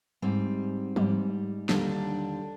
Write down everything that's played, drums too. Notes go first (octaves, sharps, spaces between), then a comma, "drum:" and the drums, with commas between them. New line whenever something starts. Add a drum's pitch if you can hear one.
G#2 G3 C4
G#2 G3, drum: tom
D#2 D3 G3 D4, drum: snare
D#4
D4